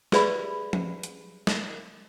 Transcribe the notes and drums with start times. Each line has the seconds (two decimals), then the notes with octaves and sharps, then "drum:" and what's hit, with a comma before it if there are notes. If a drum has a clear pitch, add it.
0.12 G4 G#4 B4 D5 E5 B5, drum: snare
0.73 drum: tom F3
1.03 drum: hi-hat
1.47 drum: snare